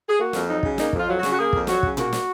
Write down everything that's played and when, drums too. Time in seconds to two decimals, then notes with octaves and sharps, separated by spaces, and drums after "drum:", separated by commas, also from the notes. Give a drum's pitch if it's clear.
0.07 G#4
0.18 A#3 F#4
0.33 F2, drum: snare
0.48 F#3 D#4
0.63 C#3, drum: kick
0.78 A#3 D#4, drum: snare
0.93 F2 F4, drum: kick
1.08 F#3
1.18 F#4
1.23 C#3, drum: snare
1.32 F#4
1.38 A#3 G#4
1.53 F2, drum: kick
1.67 F#3 F#4, drum: snare
1.83 C#3, drum: kick
1.97 A#3 F#4, drum: tom A#2
2.13 drum: snare